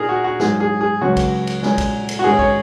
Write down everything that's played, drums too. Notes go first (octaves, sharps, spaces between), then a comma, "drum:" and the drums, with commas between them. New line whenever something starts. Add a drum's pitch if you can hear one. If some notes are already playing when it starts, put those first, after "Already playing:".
Already playing: A#2 A#3 D#4 G#4 A#4
F#4
F#4
G#2 F#3 D#4 G#4, drum: snare
G#4
G#4
C#2 C#3 F#3 C#4 F#4
drum: kick, cymbal
drum: cymbal
A#2 G#3 C#4, drum: snare
drum: kick, cymbal
drum: cymbal
F#4
G#2 D#3 G#3 C#4 G#4
C#5, drum: kick